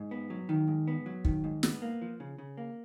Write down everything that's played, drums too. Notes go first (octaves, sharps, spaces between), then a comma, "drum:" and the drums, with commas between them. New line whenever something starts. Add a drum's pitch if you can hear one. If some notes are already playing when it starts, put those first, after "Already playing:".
Already playing: G#2
B3
F#3
D#3
G#2
B3
F#3
D#3, drum: kick
G#2
B3, drum: snare
A#3
F3
C#3
C#3
A#3